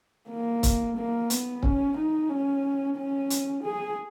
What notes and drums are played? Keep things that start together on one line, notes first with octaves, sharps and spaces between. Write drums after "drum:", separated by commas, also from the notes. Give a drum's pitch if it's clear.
A#3
drum: kick C#1, hi-hat
A#3
B3, drum: hi-hat
C#4, drum: kick C#1
D#4
C#4
C#4
drum: hi-hat
G#4